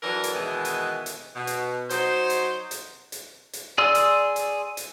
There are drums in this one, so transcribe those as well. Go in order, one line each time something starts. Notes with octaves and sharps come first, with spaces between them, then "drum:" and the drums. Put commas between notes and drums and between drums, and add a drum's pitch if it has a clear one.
E3 F#3 D4 A4 A#4
drum: hi-hat
B2 D#3 E3 G#3 B3
drum: hi-hat
drum: hi-hat
B2
drum: hi-hat
F#3 D#4 C5, drum: hi-hat
drum: hi-hat
drum: hi-hat
drum: hi-hat
drum: hi-hat
G#4 D5 C6 E6
drum: hi-hat
drum: hi-hat
drum: hi-hat